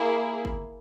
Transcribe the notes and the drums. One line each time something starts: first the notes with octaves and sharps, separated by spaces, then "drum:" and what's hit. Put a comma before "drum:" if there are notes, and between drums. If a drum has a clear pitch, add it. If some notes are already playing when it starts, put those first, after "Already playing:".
Already playing: A#3 E4 G#4
drum: kick